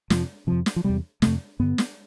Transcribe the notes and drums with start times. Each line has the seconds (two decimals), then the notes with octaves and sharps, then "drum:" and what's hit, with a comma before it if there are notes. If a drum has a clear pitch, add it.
0.10 F2 C3 F3, drum: snare
0.47 F2 C3 F3
0.66 drum: snare
0.76 F3
0.84 E2 C3 G3
1.22 F2 C3 A3, drum: snare
1.59 G2 D3 B3
1.78 drum: snare